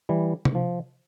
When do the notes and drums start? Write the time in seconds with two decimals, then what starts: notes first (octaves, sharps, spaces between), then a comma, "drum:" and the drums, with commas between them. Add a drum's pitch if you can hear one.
0.09 E3 G3
0.45 drum: tom C3
0.55 F3